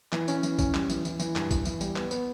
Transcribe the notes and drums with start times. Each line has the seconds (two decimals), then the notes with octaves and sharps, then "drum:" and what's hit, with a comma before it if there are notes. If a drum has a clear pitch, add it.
0.12 E3, drum: clap
0.28 C#4, drum: tambourine
0.43 E3, drum: tambourine
0.59 C#4, drum: kick B1, tambourine
0.74 G3, drum: clap
0.89 E3, drum: tambourine
1.05 E3, drum: tambourine
1.19 E3, drum: tambourine
1.36 G2, drum: clap
1.51 E3, drum: kick B1, tambourine
1.65 E3, drum: tambourine
1.81 G3, drum: tambourine
1.96 B3, drum: clap
2.11 B3, drum: tambourine